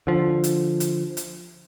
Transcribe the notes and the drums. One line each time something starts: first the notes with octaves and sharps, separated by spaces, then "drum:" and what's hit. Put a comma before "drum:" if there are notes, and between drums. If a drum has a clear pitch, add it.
D3 F3
drum: hi-hat
drum: hi-hat
drum: hi-hat